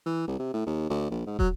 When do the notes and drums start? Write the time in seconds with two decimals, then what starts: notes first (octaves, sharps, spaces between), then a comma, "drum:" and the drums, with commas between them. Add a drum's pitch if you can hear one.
0.06 E3
0.27 C2
0.39 C3
0.54 A2
0.67 D#2
0.90 D2
1.11 A#1
1.27 G#2
1.39 F#3, drum: kick